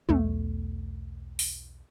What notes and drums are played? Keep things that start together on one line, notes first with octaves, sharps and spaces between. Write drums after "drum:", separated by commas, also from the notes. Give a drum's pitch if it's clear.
B1 E2 A3, drum: tom
drum: open hi-hat